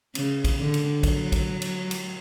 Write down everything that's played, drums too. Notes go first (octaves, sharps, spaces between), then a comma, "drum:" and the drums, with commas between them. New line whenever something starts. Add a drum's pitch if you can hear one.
C#3, drum: cymbal
drum: kick, cymbal
D3
drum: cymbal
F#3, drum: kick, cymbal
drum: kick, cymbal
drum: cymbal
drum: cymbal